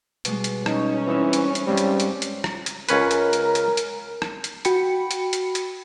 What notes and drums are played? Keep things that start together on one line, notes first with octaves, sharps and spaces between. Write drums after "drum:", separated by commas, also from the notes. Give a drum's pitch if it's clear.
B2 G3 G#3, drum: hi-hat
drum: hi-hat
C#4 D#4, drum: rim click
E3 C4 D#4 E6
drum: hi-hat
drum: hi-hat
G2 G3 G#3 C4
drum: hi-hat
drum: hi-hat
drum: hi-hat
drum: rim click
drum: hi-hat
C#2 C#4 A#4 B4, drum: hi-hat
drum: hi-hat
drum: hi-hat
drum: hi-hat
drum: hi-hat
drum: rim click
drum: hi-hat
F#4 G5 B5 C#7, drum: hi-hat
drum: hi-hat
drum: hi-hat
drum: hi-hat